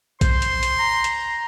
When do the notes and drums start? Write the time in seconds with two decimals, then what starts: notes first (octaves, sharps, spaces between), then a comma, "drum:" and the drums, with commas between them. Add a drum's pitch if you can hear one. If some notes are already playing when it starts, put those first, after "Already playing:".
0.21 C5 C6, drum: kick A#1, hi-hat
0.42 drum: hi-hat
0.63 drum: hi-hat
0.79 A#5
1.04 drum: hi-hat